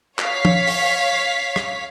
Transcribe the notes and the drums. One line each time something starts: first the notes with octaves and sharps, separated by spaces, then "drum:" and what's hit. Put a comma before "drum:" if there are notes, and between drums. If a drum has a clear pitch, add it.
C#5 F5 B6, drum: clap
drum: tom F3
drum: open hi-hat
drum: rim click